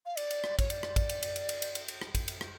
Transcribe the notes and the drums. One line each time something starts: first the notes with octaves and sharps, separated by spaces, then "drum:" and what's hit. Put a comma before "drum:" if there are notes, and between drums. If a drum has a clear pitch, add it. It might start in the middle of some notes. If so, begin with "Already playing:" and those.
F5
D5, drum: cymbal
drum: cymbal
drum: rim click
C#5, drum: kick, cymbal
D5, drum: cymbal
drum: rim click
drum: kick, cymbal
drum: cymbal
drum: cymbal
drum: cymbal
drum: cymbal
drum: cymbal
drum: cymbal
drum: cymbal
drum: rim click
drum: kick, cymbal
drum: cymbal
drum: rim click